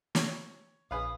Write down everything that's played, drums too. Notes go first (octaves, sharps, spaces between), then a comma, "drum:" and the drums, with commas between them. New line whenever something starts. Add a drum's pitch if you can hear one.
C#5, drum: snare
A#1 G#4 B4 F5 D#6